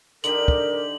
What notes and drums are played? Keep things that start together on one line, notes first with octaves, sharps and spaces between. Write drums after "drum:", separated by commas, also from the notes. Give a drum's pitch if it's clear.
D3 D#4 G4 A#4 F#7, drum: hi-hat
drum: kick